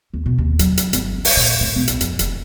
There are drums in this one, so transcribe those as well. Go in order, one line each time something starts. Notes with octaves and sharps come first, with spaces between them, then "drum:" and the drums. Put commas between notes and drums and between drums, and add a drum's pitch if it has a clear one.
D#2
B2
D#2
F#3, drum: hi-hat
drum: hi-hat
G1, drum: hi-hat
C#2
drum: open hi-hat
A#2
A2
B1
drum: hi-hat
F2, drum: hi-hat
F1, drum: hi-hat